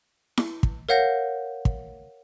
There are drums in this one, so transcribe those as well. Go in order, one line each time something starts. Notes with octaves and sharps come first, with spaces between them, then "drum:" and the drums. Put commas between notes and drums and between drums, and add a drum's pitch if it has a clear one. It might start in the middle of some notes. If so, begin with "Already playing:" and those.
drum: snare E4
drum: kick
A#4 C#5 F5 F#5 G6 A#6
drum: kick